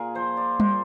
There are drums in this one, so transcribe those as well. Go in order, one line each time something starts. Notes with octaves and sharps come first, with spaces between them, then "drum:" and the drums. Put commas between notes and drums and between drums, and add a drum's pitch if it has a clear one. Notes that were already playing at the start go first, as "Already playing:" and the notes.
Already playing: A#2 G#4 A#4
F3 C5
D5
A#2 C5, drum: tom G3